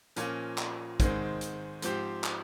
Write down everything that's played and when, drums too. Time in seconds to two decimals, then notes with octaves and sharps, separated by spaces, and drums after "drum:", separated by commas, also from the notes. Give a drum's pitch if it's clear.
0.16 A#2 F3 A#3 C#4, drum: hi-hat
0.58 drum: clap
1.00 G#2 D#3 G#3 C4, drum: kick, hi-hat
1.41 drum: hi-hat
1.82 G#2 F3 C4 G4 C5, drum: hi-hat
2.24 drum: clap